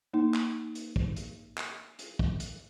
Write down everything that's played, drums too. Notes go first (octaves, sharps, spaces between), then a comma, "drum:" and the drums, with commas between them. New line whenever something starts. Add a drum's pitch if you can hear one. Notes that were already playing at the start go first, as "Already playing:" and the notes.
A#3 D#4
drum: clap
drum: hi-hat
drum: kick
drum: hi-hat
drum: clap
drum: hi-hat
drum: kick
drum: hi-hat